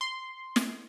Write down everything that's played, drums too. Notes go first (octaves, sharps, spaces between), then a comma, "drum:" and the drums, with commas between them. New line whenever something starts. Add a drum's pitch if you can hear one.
C6
drum: snare